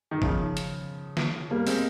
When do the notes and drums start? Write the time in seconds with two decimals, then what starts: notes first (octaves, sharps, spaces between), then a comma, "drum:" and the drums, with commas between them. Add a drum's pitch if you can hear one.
0.11 D#3
0.22 C#3 F3, drum: kick
0.57 drum: hi-hat
1.17 drum: snare
1.51 G3 A#3
1.67 G#3 C4, drum: open hi-hat